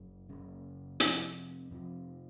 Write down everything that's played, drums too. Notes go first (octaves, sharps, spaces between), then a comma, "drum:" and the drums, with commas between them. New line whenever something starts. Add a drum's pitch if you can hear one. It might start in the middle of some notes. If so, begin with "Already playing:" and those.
Already playing: F#1 F#2 C#3
F#1 F#2 C#3
F2 C3 F3, drum: hi-hat
F2 C3 F3